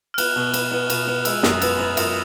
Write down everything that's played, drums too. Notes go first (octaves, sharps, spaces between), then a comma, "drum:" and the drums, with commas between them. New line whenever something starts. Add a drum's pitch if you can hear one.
F6
B3 F#6, drum: cymbal
B2
B3, drum: cymbal
B3
B2, drum: cymbal
B3
G#3 E6, drum: cymbal
F#2 D#6, drum: snare
B3 E6, drum: cymbal
B3
F#2, drum: cymbal